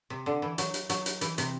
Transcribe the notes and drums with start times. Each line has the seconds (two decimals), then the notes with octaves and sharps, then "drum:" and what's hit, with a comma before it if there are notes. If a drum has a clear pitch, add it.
0.10 C3
0.26 D3
0.42 E3
0.58 F#3, drum: hi-hat
0.74 drum: hi-hat
0.89 F#3, drum: hi-hat
1.06 drum: hi-hat
1.21 E3, drum: hi-hat
1.38 C3, drum: hi-hat